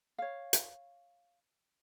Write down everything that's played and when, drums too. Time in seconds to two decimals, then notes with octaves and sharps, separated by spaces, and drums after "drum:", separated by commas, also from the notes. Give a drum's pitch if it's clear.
0.18 C#5 F5
0.53 drum: hi-hat